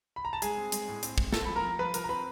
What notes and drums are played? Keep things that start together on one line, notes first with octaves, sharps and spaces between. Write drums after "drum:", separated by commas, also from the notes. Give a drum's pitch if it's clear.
B5
A#5
A5
G#3 G#4 G#5, drum: hi-hat
C4
G#3, drum: hi-hat
A2
C4, drum: hi-hat
G#3, drum: kick
C4 A4 A5, drum: snare
F3 B5
A#4 A#5
F3
F3 B4 B5
F3 A#4 A#5, drum: hi-hat
A#5
C4 B4 B5